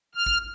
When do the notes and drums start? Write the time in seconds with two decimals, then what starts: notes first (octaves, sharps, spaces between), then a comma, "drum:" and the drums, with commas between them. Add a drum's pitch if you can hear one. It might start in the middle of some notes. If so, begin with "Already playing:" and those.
0.15 F6
0.26 drum: kick G#1